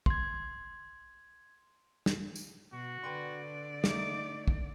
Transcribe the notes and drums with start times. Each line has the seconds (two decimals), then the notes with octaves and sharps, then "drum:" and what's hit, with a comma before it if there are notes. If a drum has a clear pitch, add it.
0.06 C6 G#6, drum: kick
2.06 drum: snare
2.36 drum: tambourine
2.73 B2 F#4
3.03 D3 B4 D5 G5 C6
3.84 A3 D#4 D6, drum: snare
4.48 drum: kick